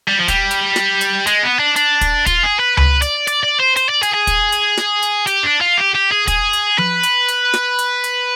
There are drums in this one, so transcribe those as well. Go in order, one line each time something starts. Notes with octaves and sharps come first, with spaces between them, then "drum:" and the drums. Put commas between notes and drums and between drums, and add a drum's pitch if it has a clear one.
G3
F3
G3, drum: kick, hi-hat
drum: hi-hat
drum: snare
drum: hi-hat
G#3, drum: hi-hat
B3
D4
D4, drum: hi-hat
drum: kick, hi-hat
F4, drum: kick, hi-hat
G#4
B4
B4, drum: tom C#2
D5, drum: hi-hat
D5, drum: hi-hat
D5
C5
C5, drum: hi-hat
D5
G#4, drum: hi-hat
G#4
drum: kick, hi-hat
drum: hi-hat
drum: snare
drum: hi-hat
G4, drum: hi-hat
D4
F4
G4
G4
G#4
G#4, drum: kick, hi-hat
drum: hi-hat
B4, drum: tom F3
drum: hi-hat
drum: hi-hat
drum: snare
drum: hi-hat
drum: hi-hat